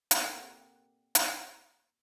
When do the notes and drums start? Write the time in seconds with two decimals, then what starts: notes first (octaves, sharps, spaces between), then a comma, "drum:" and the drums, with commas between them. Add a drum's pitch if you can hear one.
0.11 A#3 C4 A4 D5 F#5, drum: hi-hat
0.36 G4 F#5
1.15 drum: hi-hat